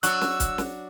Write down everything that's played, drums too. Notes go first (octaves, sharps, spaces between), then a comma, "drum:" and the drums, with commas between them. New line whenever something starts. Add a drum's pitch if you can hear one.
F#3 D4 F#4 E6 F#6, drum: hi-hat
drum: snare
drum: kick, hi-hat
drum: snare